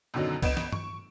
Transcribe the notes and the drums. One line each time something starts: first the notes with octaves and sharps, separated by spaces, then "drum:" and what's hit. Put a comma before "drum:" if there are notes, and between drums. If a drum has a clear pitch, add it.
F#2 B2 D3 D#3 F#3
G1 B3 D#5 D7 E7, drum: kick, open hi-hat
drum: snare
C#6, drum: tom